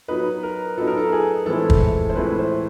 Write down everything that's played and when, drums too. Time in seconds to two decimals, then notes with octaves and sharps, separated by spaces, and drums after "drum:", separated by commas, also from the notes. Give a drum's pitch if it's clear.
0.08 F#3 B3 D#4 B4
0.43 A#4
0.78 F#3 B3 D#4 A4
0.87 A#4
0.97 A4
1.12 G#4
1.46 A2 E3 G#3 C4 E4 A4
1.70 drum: kick
1.81 A4
2.10 C5
2.15 A2 E3 G#3 C4 E4 B4
2.39 C5